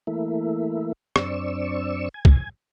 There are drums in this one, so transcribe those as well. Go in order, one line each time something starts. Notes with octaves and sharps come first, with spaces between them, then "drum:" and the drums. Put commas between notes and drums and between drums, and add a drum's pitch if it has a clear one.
E3 A3 A#3 E4
F#2 C4 D4 D5 C#6 E6, drum: rim click
G#5
drum: kick